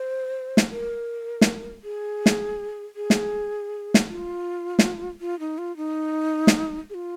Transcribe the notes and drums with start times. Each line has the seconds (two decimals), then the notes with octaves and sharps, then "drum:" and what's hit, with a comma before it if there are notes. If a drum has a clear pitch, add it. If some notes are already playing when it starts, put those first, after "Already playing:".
Already playing: C5
0.57 drum: snare
0.71 A#4
1.41 drum: snare
1.84 G#4
2.26 drum: snare
2.96 G#4
3.10 drum: snare
3.94 drum: snare
4.08 F4
4.79 drum: snare
5.21 F4
5.40 D#4
5.58 F4
5.77 D#4
6.47 drum: snare
6.90 G#4
6.94 F4